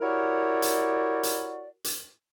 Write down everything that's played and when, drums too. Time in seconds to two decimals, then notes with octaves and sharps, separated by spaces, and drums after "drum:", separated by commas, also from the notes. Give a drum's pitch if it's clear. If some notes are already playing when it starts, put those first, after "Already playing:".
0.01 E4 F#4 G4 A#4 C#5 D5
0.62 drum: hi-hat
1.23 drum: hi-hat
1.84 drum: hi-hat